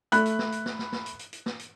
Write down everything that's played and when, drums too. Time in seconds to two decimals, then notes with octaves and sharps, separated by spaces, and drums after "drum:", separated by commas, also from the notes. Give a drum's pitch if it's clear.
0.12 A3 B5 F#6, drum: hi-hat
0.25 drum: hi-hat
0.39 drum: snare
0.52 drum: hi-hat
0.66 drum: snare
0.79 drum: snare
0.92 drum: snare
1.06 drum: hi-hat
1.19 drum: hi-hat
1.33 drum: hi-hat
1.46 drum: snare
1.59 drum: hi-hat